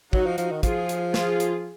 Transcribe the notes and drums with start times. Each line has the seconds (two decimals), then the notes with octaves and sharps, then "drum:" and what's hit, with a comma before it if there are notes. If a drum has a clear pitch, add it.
0.13 F#3 D#4 F#4, drum: kick
0.26 F3
0.38 F3, drum: hi-hat
0.52 D#3
0.63 F3 F4 G#4, drum: kick, hi-hat
0.89 drum: hi-hat
1.14 F4 G#4, drum: snare
1.40 drum: hi-hat